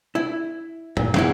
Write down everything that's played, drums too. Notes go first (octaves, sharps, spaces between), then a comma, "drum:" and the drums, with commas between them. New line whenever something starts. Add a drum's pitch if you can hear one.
E4
A#2, drum: tom
E2 E4 F5, drum: snare